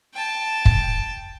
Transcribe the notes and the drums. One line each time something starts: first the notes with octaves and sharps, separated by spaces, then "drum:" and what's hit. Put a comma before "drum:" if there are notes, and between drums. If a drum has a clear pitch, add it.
G5 A5
drum: kick